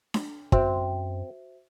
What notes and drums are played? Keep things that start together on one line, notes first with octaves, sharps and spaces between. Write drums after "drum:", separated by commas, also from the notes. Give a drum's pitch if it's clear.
drum: snare D4
F#2 C4 F#4 C5 E5, drum: kick